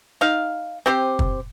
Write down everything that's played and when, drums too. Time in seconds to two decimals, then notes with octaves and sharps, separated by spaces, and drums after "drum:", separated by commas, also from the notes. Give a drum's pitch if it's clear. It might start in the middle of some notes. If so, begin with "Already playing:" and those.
0.21 D#4 F5
0.86 C4 G4 C5
1.19 drum: kick